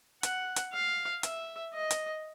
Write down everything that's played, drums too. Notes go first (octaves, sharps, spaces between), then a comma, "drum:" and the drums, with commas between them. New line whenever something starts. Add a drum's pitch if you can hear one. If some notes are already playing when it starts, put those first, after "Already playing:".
F#5, drum: hi-hat
drum: hi-hat
F5
E5, drum: hi-hat
D#5
drum: hi-hat